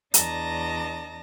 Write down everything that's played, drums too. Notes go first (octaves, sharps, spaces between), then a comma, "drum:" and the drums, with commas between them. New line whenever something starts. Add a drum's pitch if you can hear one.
E2 D4 D#5 A5 A#5 A#6, drum: hi-hat